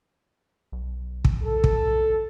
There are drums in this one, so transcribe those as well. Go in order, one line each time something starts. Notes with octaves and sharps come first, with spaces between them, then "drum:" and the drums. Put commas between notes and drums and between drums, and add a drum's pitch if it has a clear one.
B1
drum: kick
A4
drum: kick